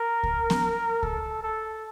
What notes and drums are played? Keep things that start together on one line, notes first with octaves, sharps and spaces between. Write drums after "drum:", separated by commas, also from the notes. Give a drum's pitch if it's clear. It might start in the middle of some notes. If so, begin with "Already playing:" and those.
Already playing: A#4
drum: kick C#2
drum: snare B3
A4, drum: kick C#2
A4